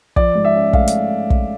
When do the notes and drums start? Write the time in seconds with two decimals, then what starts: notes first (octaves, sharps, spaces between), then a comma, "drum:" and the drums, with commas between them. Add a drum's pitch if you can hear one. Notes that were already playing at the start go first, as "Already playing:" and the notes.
0.16 F3 D5, drum: kick
0.35 G#2
0.45 E5
0.55 C#4
0.73 A3 F5, drum: kick
0.88 drum: hi-hat
1.30 drum: kick